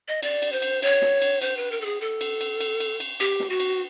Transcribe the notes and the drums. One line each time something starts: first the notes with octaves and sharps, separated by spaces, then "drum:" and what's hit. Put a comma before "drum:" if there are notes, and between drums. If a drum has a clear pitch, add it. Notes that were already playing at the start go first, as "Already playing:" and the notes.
D#5
D5, drum: cymbal
drum: cymbal
C5
drum: cymbal
C#5, drum: cymbal
drum: snare
drum: cymbal
C5, drum: cymbal
B4
A#4
A4
G#4
A4
drum: cymbal
drum: cymbal
drum: cymbal
drum: cymbal
drum: cymbal
G4, drum: cymbal
drum: snare
F#4
drum: cymbal